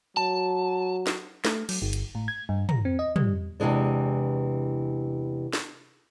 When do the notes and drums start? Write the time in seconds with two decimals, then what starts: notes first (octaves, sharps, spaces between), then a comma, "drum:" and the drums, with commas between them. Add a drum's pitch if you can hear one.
0.17 F#3 A5
1.07 drum: snare
1.45 A3, drum: snare
1.69 F#3, drum: cymbal
1.82 G1
1.93 drum: hi-hat
2.15 A2
2.28 G#6
2.49 G2
2.69 A#5, drum: tom
2.85 C4
2.99 D#5
3.16 G3, drum: tom
3.60 E2 C3 E3 G#3 D4
5.53 drum: snare